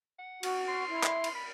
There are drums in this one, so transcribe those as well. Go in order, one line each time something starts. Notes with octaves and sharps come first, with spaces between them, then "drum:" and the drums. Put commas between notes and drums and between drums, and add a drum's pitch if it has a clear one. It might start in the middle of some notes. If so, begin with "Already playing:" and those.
F#5
F#4, drum: cymbal
C6
E4
drum: clap
drum: cymbal
B5